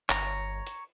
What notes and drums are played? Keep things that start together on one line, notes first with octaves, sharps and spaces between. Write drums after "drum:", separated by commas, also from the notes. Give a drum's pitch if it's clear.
G1 C#5 A#5, drum: clap
drum: hi-hat